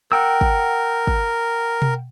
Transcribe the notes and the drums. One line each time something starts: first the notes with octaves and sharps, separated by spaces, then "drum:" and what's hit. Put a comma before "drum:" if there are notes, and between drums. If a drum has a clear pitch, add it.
A#4 F#5 G5 E6
drum: kick
drum: kick
drum: tom B2